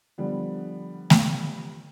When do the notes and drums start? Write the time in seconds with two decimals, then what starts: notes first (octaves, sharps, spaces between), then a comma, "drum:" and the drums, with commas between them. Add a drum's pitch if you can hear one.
0.18 D3 F3 G3 B3
1.10 drum: snare A3